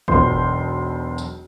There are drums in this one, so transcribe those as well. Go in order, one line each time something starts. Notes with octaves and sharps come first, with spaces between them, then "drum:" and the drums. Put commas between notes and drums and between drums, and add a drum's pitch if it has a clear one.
E1 B1 B3 C5 C6 G6, drum: kick
drum: tambourine